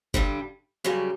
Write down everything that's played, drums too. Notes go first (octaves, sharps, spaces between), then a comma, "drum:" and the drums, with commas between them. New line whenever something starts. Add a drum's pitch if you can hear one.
G2 D3 G3, drum: kick F#1
F#2 C#3 G3